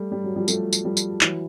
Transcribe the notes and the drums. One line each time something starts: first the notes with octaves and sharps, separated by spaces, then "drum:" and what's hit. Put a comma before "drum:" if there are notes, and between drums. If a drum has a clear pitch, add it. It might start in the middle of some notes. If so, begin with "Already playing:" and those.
Already playing: G3 A3
G3
F#3
F3 G3
G3 A3, drum: tambourine
drum: tambourine
F3 G3
drum: tambourine
E3 F#3, drum: clap